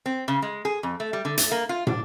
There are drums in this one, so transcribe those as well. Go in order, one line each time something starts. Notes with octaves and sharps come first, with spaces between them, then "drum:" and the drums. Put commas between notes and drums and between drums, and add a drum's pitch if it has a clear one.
C4
C#3
G#3
G#4
F2
A3
G3
D3
A3, drum: hi-hat
A#3
F4
D4, drum: tom